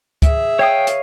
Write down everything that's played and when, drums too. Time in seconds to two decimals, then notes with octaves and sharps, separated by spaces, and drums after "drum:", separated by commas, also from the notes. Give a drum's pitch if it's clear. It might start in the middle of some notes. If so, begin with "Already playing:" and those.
0.22 G#4 E5, drum: kick, hi-hat
0.59 C#5 F5 G5 D#6
0.87 drum: hi-hat